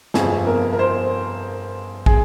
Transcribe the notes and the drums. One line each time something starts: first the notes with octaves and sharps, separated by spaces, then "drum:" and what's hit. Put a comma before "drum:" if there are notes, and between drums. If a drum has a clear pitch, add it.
G1 F2 C3 F3 G#4, drum: snare
A#4
A#4
C5
G#4, drum: kick